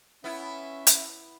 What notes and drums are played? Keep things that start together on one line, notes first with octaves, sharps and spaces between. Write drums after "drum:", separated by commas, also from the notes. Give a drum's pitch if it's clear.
B3 C#4 E4 E5
drum: hi-hat